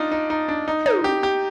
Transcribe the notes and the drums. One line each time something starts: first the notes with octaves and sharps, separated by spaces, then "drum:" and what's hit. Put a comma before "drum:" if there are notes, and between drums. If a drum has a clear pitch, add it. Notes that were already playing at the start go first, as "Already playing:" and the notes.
Already playing: D4 D#4 F4
D#4
D#4
D4
D#4
D#4, drum: tom
G4
G4